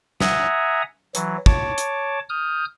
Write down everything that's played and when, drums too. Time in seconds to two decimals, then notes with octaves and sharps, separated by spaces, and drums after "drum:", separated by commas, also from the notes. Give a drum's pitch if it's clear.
0.20 E5 F#5 G#5 A#5 D#6, drum: snare
1.15 E3 F#3, drum: hi-hat
1.46 C#5 A5 D6, drum: kick
1.78 drum: hi-hat
2.29 D#6 F6 G6